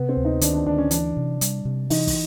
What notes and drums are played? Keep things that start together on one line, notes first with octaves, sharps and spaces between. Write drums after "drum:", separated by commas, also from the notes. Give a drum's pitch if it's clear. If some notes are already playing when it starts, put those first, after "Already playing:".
Already playing: C3 B3
C4
D2
D#4
D#3 D4, drum: hi-hat
D4
D2 D4
C#4
E3 D4, drum: hi-hat
C3
G3, drum: hi-hat
C3
E3 D#4, drum: open hi-hat
drum: kick, open hi-hat